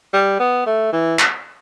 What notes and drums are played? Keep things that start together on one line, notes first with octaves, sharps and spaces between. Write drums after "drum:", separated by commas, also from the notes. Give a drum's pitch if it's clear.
G3
B3
A3
E3
drum: clap